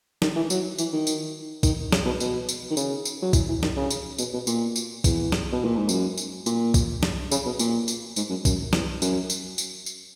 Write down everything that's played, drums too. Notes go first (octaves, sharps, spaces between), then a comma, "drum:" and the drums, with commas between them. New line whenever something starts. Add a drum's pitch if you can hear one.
D#3, drum: snare
E3
F#3, drum: tambourine
E3, drum: tambourine
D#3
drum: tambourine
D#3, drum: kick B1, tambourine
C#3, drum: snare
B2
B2, drum: tambourine
drum: tambourine
D#3
C#3, drum: tambourine
drum: tambourine
F#3
E3, drum: kick B1, tambourine
E3
D#3, drum: snare
C#3
drum: tambourine
B2, drum: tambourine
B2
A#2, drum: tambourine
drum: tambourine
E2, drum: kick B1, tambourine
drum: snare
B2
A#2
G#2
F#2, drum: tambourine
drum: tambourine
A#2, drum: tambourine
drum: kick B1, tambourine
drum: snare
C#3, drum: tambourine
B2
A#2, drum: tambourine
drum: tambourine
G#2, drum: tambourine
F#2
F#2, drum: kick B1, tambourine
E2, drum: snare
F#2, drum: tambourine
drum: tambourine
drum: tambourine
drum: tambourine